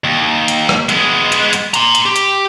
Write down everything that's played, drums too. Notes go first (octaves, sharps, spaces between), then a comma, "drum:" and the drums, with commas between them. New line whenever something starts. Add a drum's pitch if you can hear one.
D#2
drum: hi-hat
drum: rim click
G#3 B3, drum: hi-hat
drum: hi-hat
drum: hi-hat
A#5 C6, drum: hi-hat
drum: hi-hat
G4
drum: hi-hat